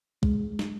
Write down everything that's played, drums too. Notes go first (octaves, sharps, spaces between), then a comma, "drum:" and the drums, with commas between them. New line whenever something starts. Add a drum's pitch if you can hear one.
G#3, drum: kick
drum: snare